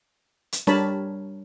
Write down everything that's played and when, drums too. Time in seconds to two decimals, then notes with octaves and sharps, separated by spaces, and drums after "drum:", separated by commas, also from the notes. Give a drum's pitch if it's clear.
0.52 drum: hi-hat
0.67 G3 D4 A#4 C#5 A5 B5, drum: snare